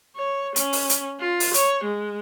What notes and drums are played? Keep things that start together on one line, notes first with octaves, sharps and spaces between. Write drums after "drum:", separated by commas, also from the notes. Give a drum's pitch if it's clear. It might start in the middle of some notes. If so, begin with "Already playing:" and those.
C#5
C#4, drum: hi-hat
drum: open hi-hat
drum: hi-hat
F4
drum: open hi-hat
C#5, drum: hi-hat
G#3